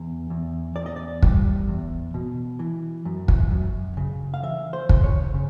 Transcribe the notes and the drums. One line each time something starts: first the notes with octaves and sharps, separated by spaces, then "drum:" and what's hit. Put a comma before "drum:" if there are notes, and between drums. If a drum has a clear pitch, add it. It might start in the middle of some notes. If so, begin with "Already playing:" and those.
Already playing: E2
E2
E2 D5
D#5
D5
G3, drum: kick
E2
B2
E3
F#2
drum: kick
F#2
C#3
F5
E3 E5
C5
C#3, drum: kick
C#5
C#3